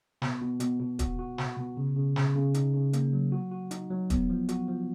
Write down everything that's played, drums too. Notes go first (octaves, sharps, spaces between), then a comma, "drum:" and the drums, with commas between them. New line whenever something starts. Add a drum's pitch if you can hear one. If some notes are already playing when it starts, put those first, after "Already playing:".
B2, drum: snare
B2
B2, drum: hi-hat
B2
F#4, drum: kick D#1, hi-hat
F#4
F#4, drum: snare
B2
C#3
C#3
C#3, drum: snare
C#3
D#4, drum: hi-hat
C#3
A#3, drum: hi-hat
F#3
F#4
F#4
D#4, drum: hi-hat
F#3
B3, drum: kick D#1, hi-hat
F3
F#4, drum: hi-hat
F3